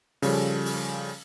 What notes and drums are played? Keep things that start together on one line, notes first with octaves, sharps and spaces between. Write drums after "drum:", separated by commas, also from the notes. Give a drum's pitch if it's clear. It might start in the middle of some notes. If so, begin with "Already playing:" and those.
C#3 F3 G3 C#4 A4, drum: open hi-hat
drum: open hi-hat